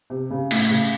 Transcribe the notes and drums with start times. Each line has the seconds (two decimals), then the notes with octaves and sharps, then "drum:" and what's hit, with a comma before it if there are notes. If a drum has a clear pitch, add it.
0.10 C3
0.30 C#3
0.51 A2, drum: cymbal
0.70 C#3